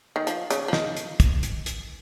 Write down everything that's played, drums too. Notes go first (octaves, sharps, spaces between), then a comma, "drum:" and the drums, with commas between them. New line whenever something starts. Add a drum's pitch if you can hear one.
D#3
F3, drum: hi-hat
C#3, drum: hi-hat
F3
D#3, drum: snare
drum: hi-hat
drum: kick, hi-hat
drum: hi-hat
drum: hi-hat